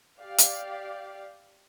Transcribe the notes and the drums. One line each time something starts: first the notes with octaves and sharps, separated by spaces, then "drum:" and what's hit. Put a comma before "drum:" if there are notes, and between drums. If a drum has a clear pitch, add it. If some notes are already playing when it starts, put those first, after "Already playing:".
G4 D5 F5
drum: hi-hat